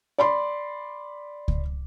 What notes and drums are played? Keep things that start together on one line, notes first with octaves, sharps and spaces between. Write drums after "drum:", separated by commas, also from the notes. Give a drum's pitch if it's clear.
D5 B5 C6
drum: kick C#2